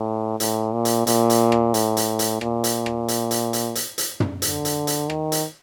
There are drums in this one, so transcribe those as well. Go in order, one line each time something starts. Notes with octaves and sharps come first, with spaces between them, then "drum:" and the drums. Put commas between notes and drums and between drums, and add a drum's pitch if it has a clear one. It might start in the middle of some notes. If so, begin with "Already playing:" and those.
Already playing: A2
A2, drum: hi-hat
A#2
drum: hi-hat
A#2, drum: hi-hat
drum: hi-hat
drum: rim click
A2, drum: hi-hat
drum: hi-hat
drum: hi-hat
A#2, drum: rim click
drum: hi-hat
drum: rim click
drum: hi-hat
drum: hi-hat
drum: hi-hat
drum: hi-hat
drum: hi-hat
drum: tom
D3, drum: hi-hat
drum: hi-hat
drum: hi-hat
D#3, drum: rim click
drum: hi-hat